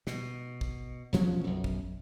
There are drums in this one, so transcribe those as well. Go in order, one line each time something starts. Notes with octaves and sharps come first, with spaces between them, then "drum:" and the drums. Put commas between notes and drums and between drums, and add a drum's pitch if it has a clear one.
B2, drum: snare
drum: kick
E1 F3 F#3 C#4, drum: snare
B1 F#2
drum: kick